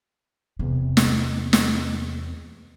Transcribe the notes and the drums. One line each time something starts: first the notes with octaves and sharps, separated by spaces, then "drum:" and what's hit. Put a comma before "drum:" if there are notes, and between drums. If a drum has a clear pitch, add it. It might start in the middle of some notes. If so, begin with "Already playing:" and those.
E2 C3
drum: snare
drum: snare